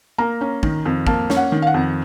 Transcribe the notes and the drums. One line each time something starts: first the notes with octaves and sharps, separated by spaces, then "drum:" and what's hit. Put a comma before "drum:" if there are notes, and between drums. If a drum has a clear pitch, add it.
A#3 A#5
C#4
D#3, drum: kick
F2
A#3 A5, drum: kick
C#4, drum: snare
F#5
D#3
F5
F#5
F2